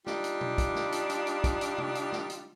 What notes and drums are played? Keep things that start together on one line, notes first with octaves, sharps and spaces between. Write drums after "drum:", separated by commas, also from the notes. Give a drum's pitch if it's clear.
G3 D4 D#4 F4, drum: snare
drum: hi-hat
drum: tom B2
drum: kick, hi-hat
drum: snare
drum: hi-hat
drum: hi-hat
drum: hi-hat
drum: kick, hi-hat
drum: hi-hat
drum: tom C3
drum: hi-hat
drum: snare
drum: hi-hat